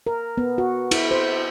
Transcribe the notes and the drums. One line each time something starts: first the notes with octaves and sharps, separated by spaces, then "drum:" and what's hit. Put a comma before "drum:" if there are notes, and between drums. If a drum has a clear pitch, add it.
A#4
B3
F#4
E4, drum: cymbal
C5